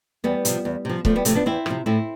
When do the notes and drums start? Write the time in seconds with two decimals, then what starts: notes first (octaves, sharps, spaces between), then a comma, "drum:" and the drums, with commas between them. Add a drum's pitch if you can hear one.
0.24 E2 G3 B3
0.45 C3 F3, drum: hi-hat
0.65 E2
0.85 C3 F3
1.05 E2 F3 A3, drum: kick C#1
1.16 G3 B3
1.25 C3 F3 A3 C4, drum: hi-hat
1.35 B3 D4
1.46 E2 C4 E4
1.66 C3 F3, drum: rim click
1.86 A2 C4 E4